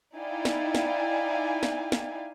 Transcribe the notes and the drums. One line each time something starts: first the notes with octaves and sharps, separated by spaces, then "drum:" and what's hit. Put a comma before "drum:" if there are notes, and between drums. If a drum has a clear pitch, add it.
D#4 E4 D5 F5 G5 G#5
drum: snare
drum: snare
drum: snare
drum: snare